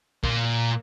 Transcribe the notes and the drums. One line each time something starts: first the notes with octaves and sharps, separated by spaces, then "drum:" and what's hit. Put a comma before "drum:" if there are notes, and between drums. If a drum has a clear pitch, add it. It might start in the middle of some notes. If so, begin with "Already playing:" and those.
A#2 A#3, drum: kick